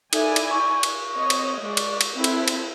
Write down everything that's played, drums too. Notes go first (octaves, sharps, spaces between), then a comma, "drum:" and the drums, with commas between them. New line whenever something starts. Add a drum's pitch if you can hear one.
D#4 E4 A4 D5 E5 G#5, drum: cymbal
drum: cymbal
C#6
drum: cymbal
C4 C#5 D#5
drum: cymbal
G#3 D5
drum: cymbal
drum: cymbal
C4 E4 A4
drum: cymbal
drum: cymbal